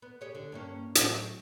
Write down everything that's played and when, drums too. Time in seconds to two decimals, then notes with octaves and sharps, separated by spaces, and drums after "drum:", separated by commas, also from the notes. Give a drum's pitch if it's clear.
0.02 B3
0.21 G4 G#4 C#5
0.35 D3
0.52 G2 A#3 C#4
0.95 A2 F#3, drum: hi-hat